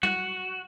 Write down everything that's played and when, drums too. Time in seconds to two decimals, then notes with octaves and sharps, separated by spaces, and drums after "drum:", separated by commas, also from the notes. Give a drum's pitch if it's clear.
0.03 F#4, drum: tom G3